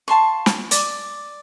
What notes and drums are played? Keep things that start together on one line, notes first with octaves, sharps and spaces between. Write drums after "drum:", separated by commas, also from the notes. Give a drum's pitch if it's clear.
F5 A5 C6 C#6
drum: snare
D5, drum: hi-hat